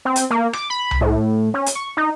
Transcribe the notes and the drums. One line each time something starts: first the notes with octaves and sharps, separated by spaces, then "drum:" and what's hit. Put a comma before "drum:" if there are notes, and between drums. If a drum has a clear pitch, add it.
C4
drum: hi-hat
A#3
D6, drum: rim click
B5
drum: tom C2
A2
C#4
drum: hi-hat
C#6
D#4